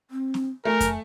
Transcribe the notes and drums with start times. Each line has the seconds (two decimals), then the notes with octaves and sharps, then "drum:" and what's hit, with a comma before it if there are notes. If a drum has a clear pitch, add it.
0.11 C4
0.34 drum: snare C4
0.65 A3 A#4 G#5
0.80 drum: kick F2, hi-hat